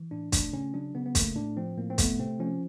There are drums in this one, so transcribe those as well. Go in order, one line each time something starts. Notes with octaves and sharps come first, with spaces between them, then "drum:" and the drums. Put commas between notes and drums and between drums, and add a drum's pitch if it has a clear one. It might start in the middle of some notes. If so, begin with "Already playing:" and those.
Already playing: E3
A2 D4
A3 D4, drum: kick, hi-hat
C#3 C#4
F#3 D4
C#3 B3
B3
A3 A#3, drum: kick, hi-hat
A2 D4
F3 C4
A2 A#3
C4
A3 B3, drum: kick, hi-hat
C3 C4
F3 C#4